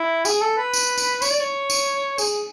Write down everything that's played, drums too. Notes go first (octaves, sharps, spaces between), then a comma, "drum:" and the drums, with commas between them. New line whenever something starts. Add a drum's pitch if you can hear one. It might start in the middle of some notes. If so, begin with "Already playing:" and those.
Already playing: E4
G#4, drum: tambourine
A4
B4
drum: tambourine
drum: tambourine
C#5, drum: tambourine
D5
C#5
drum: tambourine
G#4, drum: tambourine